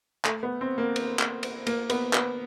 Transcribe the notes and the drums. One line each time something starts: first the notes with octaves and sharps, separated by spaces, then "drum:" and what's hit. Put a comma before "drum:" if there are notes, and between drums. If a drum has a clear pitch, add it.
A3, drum: clap
B3
C4
A#3
drum: cymbal
drum: clap
drum: cymbal
A#3, drum: cymbal
B3, drum: cymbal
B3, drum: clap